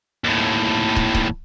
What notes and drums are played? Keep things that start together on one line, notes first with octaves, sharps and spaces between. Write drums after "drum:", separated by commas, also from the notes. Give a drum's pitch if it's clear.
D#2 A2
drum: kick
drum: kick